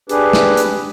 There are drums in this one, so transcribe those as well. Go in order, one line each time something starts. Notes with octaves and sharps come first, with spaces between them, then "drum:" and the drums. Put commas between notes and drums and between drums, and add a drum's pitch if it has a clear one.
D4 G4 G#4 B4, drum: hi-hat
drum: snare
drum: hi-hat